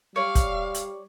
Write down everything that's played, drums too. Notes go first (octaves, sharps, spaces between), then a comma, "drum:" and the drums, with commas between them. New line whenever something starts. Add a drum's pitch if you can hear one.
G3 C#5 D5 F5
drum: kick, hi-hat
drum: hi-hat